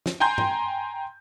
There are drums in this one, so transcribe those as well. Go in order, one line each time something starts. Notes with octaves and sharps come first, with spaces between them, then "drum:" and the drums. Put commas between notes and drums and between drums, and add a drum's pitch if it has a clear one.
drum: snare
G5 G#5 A#5 C6 G6
drum: tom G2